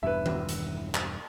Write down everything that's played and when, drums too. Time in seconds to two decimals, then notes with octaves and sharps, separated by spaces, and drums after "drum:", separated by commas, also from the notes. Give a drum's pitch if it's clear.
0.03 E1 E2 G2 B4 E5
0.26 drum: tom D#3
0.49 drum: hi-hat
0.95 drum: clap